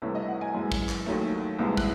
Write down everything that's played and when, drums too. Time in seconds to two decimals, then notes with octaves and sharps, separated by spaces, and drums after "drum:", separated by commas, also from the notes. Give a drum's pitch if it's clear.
0.02 C2 C3 E3 A3 C#5
0.15 D#5
0.28 F#5
0.41 G#5
0.55 F#2 E3 G#3
0.72 drum: kick
0.89 drum: clap
1.06 D#2 D#3 F#3 A3
1.59 C2 C3 E3 G#3
1.77 F#6, drum: kick